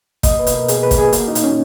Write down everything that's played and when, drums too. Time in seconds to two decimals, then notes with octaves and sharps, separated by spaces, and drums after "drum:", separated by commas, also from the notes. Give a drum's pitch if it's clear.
0.23 A#3 D#5, drum: kick, hi-hat
0.39 B4
0.47 B2, drum: hi-hat
0.54 A#4
0.68 B2 G#4, drum: hi-hat
0.83 B4
0.91 A#3, drum: kick, hi-hat
0.98 G#4
1.13 A#3 F#4, drum: hi-hat
1.28 D#4
1.35 A#2, drum: hi-hat
1.43 C#4